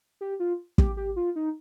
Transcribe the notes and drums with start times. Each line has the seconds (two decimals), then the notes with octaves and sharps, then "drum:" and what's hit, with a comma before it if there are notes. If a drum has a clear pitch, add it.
0.21 G4
0.40 F4
0.78 G4, drum: kick
0.97 G4
1.16 F4
1.36 D#4